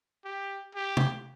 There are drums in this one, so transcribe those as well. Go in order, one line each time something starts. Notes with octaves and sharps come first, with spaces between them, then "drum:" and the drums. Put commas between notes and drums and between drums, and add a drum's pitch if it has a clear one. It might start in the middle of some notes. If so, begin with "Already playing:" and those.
G4
G4
drum: tom